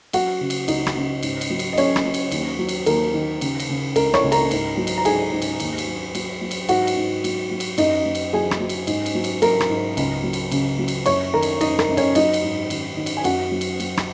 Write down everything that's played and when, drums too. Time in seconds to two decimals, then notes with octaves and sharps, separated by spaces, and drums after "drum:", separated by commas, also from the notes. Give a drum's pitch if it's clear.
0.13 F#3 F#4 F#5, drum: cymbal
0.41 C#3
0.50 drum: cymbal
0.68 C#2 D#4 D#5, drum: cymbal
0.86 drum: rim click
0.96 C#3
1.23 G#2, drum: cymbal
1.41 drum: cymbal
1.50 F#3
1.59 drum: cymbal
1.73 D#5
1.78 F#3 C#4 C#5, drum: cymbal
1.96 drum: rim click
2.05 F#3
2.14 drum: cymbal
2.32 D#2, drum: cymbal
2.59 F#3
2.69 drum: cymbal
2.86 D#2 A#4, drum: cymbal
3.14 D#3
3.41 C#3, drum: cymbal
3.60 drum: cymbal
3.69 C#3
3.96 C#2 A#4, drum: cymbal
4.14 C#5 C#6, drum: rim click
4.24 C#2
4.32 A#4 A#5, drum: cymbal
4.51 G#2, drum: cymbal
4.77 F#3
4.87 drum: cymbal
4.98 A#5
5.05 G#2 G#4 G#5, drum: cymbal
5.32 G#2
5.42 drum: cymbal
5.60 D#2, drum: cymbal
5.78 drum: cymbal
5.88 F#3
6.15 F#3, drum: cymbal
6.41 F#3
6.51 drum: cymbal
6.69 G#2 F#4 F#5, drum: cymbal
6.87 drum: cymbal
6.97 G#2
7.24 F#3, drum: cymbal
7.51 F#3
7.60 drum: cymbal
7.78 F#2 D#4 D#5, drum: cymbal
8.05 F#2
8.15 drum: cymbal
8.33 F#3 G#4 G#5
8.51 drum: rim click
8.60 F#3
8.69 drum: cymbal
8.87 G#2, drum: cymbal
9.06 drum: cymbal
9.15 F#3
9.24 drum: cymbal
9.42 F#3 A#4 A#5, drum: cymbal
9.60 drum: rim click
9.69 G#2
9.97 C#2, drum: cymbal
10.24 F#3
10.33 drum: cymbal
10.51 C#3, drum: cymbal
10.79 F#3
10.88 drum: cymbal
11.06 F#2 C#5 C#6, drum: cymbal
11.33 D#3 A#4 A#5
11.43 drum: cymbal
11.61 F#2 D#4 D#5, drum: cymbal
11.79 A#4, drum: rim click
11.88 F#2
11.97 C#4 C#5, drum: cymbal
12.15 F#3 D#4 D#5, drum: cymbal
12.34 drum: cymbal
12.43 G#2
12.70 D#3, drum: cymbal
12.97 D#3
13.06 drum: cymbal
13.17 G#5
13.24 F#2 F#4 F#5, drum: cymbal
13.52 F#3
13.61 drum: cymbal
13.80 F#3, drum: cymbal
13.97 drum: rim click